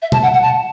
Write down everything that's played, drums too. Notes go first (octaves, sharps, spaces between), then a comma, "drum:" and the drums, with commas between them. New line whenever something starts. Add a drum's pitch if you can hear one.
E5
A5, drum: tom B2
F#5
F#5
A5